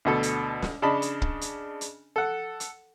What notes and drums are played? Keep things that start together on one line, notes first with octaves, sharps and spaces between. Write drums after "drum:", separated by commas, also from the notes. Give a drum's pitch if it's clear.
D2 B2 A4
drum: hi-hat
drum: snare
C#3 D4 D#5 A5 B5
drum: hi-hat
drum: kick
drum: hi-hat
drum: hi-hat
A4 F#5
drum: hi-hat